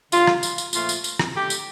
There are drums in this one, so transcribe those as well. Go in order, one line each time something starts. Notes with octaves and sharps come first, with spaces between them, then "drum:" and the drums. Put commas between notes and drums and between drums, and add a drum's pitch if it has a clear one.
D3 G3 F4, drum: tambourine
drum: rim click
drum: tambourine
drum: tambourine
A#2 F3 A3 F4, drum: tambourine
drum: tambourine
drum: tambourine
drum: rim click
D3 A3 G4
drum: tambourine